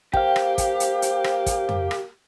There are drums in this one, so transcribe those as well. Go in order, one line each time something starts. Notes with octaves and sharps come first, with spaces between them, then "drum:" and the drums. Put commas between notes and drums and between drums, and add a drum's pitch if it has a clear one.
A#3 G4 C5 F5 G5, drum: kick
drum: rim click
drum: kick, hi-hat
drum: hi-hat
drum: hi-hat
drum: rim click
drum: kick, hi-hat
drum: tom F2
drum: rim click